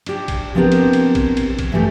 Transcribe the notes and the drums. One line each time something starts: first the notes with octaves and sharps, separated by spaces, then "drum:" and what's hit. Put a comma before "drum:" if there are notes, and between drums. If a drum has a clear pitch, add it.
D4 G4, drum: cymbal
drum: kick A1, cymbal
F3 B3 C4 D4 G4 A#4
drum: cymbal
drum: cymbal
drum: kick A1, cymbal
drum: cymbal
drum: kick A1, cymbal
G2 E3 F#3 G3 A3 G4